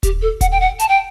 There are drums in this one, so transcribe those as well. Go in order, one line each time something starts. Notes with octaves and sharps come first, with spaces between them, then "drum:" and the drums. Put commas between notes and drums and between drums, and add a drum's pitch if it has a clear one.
G4, drum: kick D#1, hi-hat
A4
F#5, drum: kick D#1, hi-hat
G5
F#5
A5, drum: hi-hat
G5